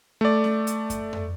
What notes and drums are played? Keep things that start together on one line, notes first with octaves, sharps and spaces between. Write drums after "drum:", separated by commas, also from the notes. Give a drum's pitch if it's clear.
A3 D5
drum: snare
drum: hi-hat
drum: kick F#2, hi-hat
drum: tom F2